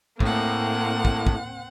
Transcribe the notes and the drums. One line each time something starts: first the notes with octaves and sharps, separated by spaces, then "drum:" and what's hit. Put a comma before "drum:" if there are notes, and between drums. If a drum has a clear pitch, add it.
A2 A#3 C4 F#5, drum: kick
drum: kick
drum: kick